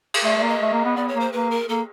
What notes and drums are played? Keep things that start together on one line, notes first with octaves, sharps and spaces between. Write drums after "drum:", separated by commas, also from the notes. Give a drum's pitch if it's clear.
drum: cymbal
A3 D5
A3 D5
A#3
D#5
A3
A#3
B3
B3 D5
C#5
A#3
C5
A#3 B4
A#4
A#3 A4